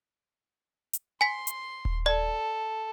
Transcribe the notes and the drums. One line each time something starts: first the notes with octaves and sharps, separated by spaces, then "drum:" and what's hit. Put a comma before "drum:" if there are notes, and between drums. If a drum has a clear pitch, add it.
drum: hi-hat
G#5 C6 B6
drum: hi-hat
drum: kick D#1
A4 D5